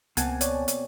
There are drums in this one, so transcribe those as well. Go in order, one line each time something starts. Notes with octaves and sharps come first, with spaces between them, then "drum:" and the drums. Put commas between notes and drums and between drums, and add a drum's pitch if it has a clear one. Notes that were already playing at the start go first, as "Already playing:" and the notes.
C#2 B2 A#3 C4 F#5 G#5 A5, drum: hi-hat
C#5 D5, drum: hi-hat
drum: hi-hat